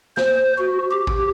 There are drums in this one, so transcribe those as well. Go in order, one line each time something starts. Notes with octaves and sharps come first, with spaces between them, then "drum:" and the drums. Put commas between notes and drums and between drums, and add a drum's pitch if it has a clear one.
C5, drum: snare A#3
F#4
G4
drum: kick A1